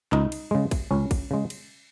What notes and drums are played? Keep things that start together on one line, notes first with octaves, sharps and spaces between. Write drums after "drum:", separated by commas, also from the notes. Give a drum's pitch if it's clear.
C#2 D#4, drum: clap
drum: cymbal
C#3 G#3
drum: kick, cymbal
C#2 C#4
drum: kick, cymbal
C#3 G#3
drum: cymbal